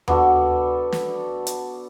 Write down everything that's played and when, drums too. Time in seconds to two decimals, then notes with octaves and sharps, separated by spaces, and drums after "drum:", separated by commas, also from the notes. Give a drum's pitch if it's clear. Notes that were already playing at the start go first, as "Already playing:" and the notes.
0.08 B3 D4 F#4 A4, drum: tom D#2
0.92 drum: snare
1.47 drum: hi-hat